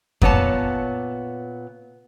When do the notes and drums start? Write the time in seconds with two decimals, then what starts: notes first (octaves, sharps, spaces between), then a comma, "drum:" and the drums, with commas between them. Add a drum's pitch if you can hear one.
0.22 A#2 B3 C#5 A5, drum: kick F2